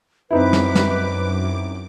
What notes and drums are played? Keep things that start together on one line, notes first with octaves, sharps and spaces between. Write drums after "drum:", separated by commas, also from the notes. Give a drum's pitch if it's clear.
F#2 C4 D#4 E4 B4 D6
drum: snare
drum: snare